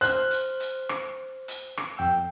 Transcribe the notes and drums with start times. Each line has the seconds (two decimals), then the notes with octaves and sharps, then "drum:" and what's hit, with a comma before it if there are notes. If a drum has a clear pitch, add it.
0.01 C5 F6 F#6, drum: hi-hat
0.31 drum: hi-hat
0.60 drum: hi-hat
0.89 drum: rim click
1.48 drum: hi-hat
1.77 drum: rim click
1.98 F2 G5 E6